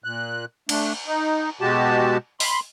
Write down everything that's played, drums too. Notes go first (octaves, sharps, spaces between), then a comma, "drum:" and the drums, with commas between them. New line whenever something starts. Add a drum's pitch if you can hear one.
A#2 F#6
A3 D4, drum: cymbal
D#4
B2 G#3 F#4 G4 A5
B5 C6, drum: open hi-hat